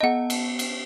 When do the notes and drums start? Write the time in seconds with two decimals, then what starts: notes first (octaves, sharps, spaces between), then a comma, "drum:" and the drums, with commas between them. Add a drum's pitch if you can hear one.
0.01 B3 D#5 F#5 A5
0.30 drum: cymbal
0.59 drum: cymbal